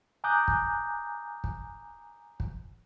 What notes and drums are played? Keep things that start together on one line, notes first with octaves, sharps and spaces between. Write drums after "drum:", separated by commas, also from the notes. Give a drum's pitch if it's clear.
G#5 A#5 D6 D#6 F#6 G6
drum: kick
drum: kick
drum: kick